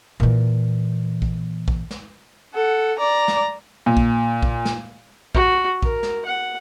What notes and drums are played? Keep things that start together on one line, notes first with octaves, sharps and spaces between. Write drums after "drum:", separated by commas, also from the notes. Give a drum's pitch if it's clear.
A#2 E3
drum: kick A#1
drum: kick A#1
drum: snare
A4 F#5
D5 A#5
drum: snare
A#2
drum: kick A#1
drum: kick A#1
drum: snare
F#4, drum: kick A#1
A#4, drum: kick A#1
drum: snare
F#5